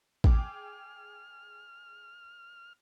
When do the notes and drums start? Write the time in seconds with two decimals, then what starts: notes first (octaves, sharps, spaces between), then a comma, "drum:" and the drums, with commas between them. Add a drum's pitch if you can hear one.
0.24 G#4 G5 D6 F6, drum: kick A1